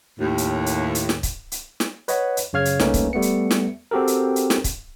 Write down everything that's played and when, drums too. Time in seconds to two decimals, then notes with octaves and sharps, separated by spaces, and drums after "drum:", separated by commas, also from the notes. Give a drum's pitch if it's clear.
0.20 D#2 A2
0.38 drum: hi-hat
0.66 drum: hi-hat
0.95 drum: hi-hat
1.09 drum: snare
1.23 drum: kick, hi-hat
1.52 drum: hi-hat
1.80 drum: snare
2.08 B4 C#5 D#5 F#5, drum: hi-hat
2.37 drum: hi-hat
2.53 F#2 C#3 C#5 F5 F6 G#6
2.65 drum: hi-hat
2.80 C2 A3 A#3 C#4 D#4 B4, drum: snare
2.94 drum: kick, hi-hat
3.13 G3 A3 B3 C#7
3.22 drum: hi-hat
3.51 drum: snare
3.91 C4 F#4 G4 A4 A#4
4.07 drum: hi-hat
4.36 drum: hi-hat
4.50 drum: snare
4.64 drum: kick, hi-hat